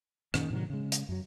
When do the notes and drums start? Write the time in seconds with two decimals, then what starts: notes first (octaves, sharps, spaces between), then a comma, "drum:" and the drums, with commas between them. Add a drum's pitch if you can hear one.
0.34 F#2 A#2 D#3 C#4, drum: rim click
0.50 A2 C3 D#3 F#3
0.70 C#3 G#3
0.92 drum: hi-hat
1.09 F#2 F#3